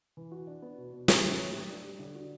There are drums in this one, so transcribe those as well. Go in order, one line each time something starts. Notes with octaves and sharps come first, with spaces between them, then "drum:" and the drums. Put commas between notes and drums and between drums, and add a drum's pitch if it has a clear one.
E3
F#4
D4
B3
B2
B2
A3, drum: snare
F#3
A2
G4
D4
G3
D3
F#4